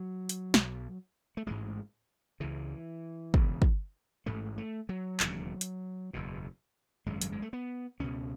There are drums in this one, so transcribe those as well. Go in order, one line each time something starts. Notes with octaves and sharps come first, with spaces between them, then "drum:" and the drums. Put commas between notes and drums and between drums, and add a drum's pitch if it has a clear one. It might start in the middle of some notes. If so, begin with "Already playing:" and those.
Already playing: F#3
drum: hi-hat
B1 B2, drum: snare
A3
A1 G#2 G#3
C#2 C#3 E3
E1 E2 C#3, drum: kick
drum: kick
A1 G#2 A3
A3
F#3
E1 D#2 C#3, drum: clap
drum: hi-hat
F#1 E2 B2
G#1 F#2 C#3 G#3
F#3, drum: hi-hat
G#3
A3
B3
C#2 B2 C#4